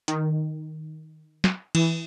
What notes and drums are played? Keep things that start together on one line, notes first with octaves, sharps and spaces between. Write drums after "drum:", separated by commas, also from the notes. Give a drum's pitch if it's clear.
D#3, drum: hi-hat
drum: snare
E3, drum: cymbal